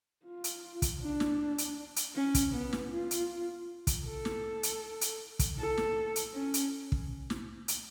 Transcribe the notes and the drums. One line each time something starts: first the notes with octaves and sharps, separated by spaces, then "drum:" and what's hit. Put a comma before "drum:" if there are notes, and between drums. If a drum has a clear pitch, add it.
F4
drum: hi-hat
drum: kick, hi-hat
D4
drum: snare
drum: hi-hat
drum: hi-hat
C#4
drum: kick, hi-hat
B3
drum: snare
F4
drum: hi-hat
drum: kick, hi-hat
A4
drum: snare
drum: hi-hat
drum: hi-hat
drum: kick, hi-hat
A4
drum: snare
drum: hi-hat
C#4
drum: hi-hat
drum: kick
drum: snare
drum: hi-hat